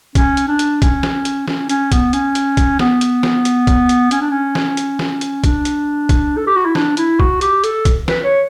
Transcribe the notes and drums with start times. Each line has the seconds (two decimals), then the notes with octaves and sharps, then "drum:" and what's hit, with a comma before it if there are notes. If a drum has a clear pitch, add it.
0.15 C#4, drum: kick, hi-hat
0.37 drum: hi-hat
0.48 D4
0.59 drum: hi-hat
0.82 C#4, drum: kick, hi-hat
1.03 drum: snare
1.25 drum: hi-hat
1.48 C#4, drum: snare
1.69 C#4, drum: hi-hat
1.92 B3, drum: kick, hi-hat
2.13 C#4, drum: hi-hat
2.35 drum: hi-hat
2.57 drum: kick, hi-hat
2.79 B3, drum: snare
3.01 drum: hi-hat
3.23 drum: snare
3.45 drum: hi-hat
3.67 drum: kick, hi-hat
3.89 drum: hi-hat
4.11 C#4, drum: hi-hat
4.21 D4
4.30 C#4
4.55 drum: snare
4.77 drum: hi-hat
4.99 drum: snare
5.21 drum: hi-hat
5.44 D4, drum: kick, hi-hat
5.65 drum: hi-hat
6.09 drum: kick, hi-hat
6.37 A4
6.47 G4
6.56 F#4
6.65 E4
6.75 D4, drum: snare
6.97 E4, drum: hi-hat
7.20 F#4, drum: kick
7.41 G4, drum: hi-hat
7.64 A4, drum: hi-hat
7.85 drum: kick, hi-hat
8.08 B4, drum: snare
8.24 C#5